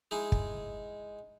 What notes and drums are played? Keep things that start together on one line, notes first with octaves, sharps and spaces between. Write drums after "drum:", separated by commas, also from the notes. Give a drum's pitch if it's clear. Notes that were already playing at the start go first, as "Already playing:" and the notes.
G#3 D#4 E4 G#4
drum: kick